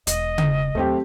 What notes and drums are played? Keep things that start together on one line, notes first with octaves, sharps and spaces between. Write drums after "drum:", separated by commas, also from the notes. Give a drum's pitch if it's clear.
E1 D#5, drum: hi-hat
drum: tom C#3
D#2 F#3 A3 C4 G4